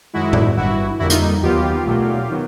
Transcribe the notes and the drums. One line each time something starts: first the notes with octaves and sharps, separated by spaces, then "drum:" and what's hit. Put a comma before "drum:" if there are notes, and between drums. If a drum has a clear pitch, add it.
F#2 D#3 G#3 E4 F#4
drum: tom A2
G1 G2 E3 E4 F#4
F2 D3 G3 A#3 E4 F#4
D#4 F4, drum: hi-hat
D#4
D#2 D#3 F#3 B3 F4 G4
B1 A#2 F#3 A3
D#3 F#3 B3